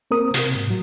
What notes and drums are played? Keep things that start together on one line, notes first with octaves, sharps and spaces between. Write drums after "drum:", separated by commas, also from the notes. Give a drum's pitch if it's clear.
A#3 C4 A#4 D#6
C3, drum: hi-hat
G#2
A2 F#3